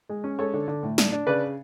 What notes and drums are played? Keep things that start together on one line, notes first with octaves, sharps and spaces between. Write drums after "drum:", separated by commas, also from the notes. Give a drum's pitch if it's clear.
G#3
C#4
G#3 A4 C#5
D3
D3
A2
D4, drum: snare
D4
C#3 B4 D5